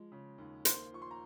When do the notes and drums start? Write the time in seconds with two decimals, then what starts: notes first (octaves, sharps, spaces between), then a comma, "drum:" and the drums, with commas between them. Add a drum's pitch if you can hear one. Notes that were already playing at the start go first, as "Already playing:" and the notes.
Already playing: F3 G#3
0.12 C#3
0.38 D#2
0.65 A#3 C5 C6, drum: hi-hat
0.92 F3 C#6
1.02 C6
1.11 A#5